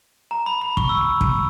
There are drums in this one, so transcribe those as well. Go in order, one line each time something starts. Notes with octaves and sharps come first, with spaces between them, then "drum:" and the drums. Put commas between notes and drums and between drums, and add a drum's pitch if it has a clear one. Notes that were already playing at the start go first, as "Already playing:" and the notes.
A#5
B5
B5
C#6, drum: kick
E6
drum: kick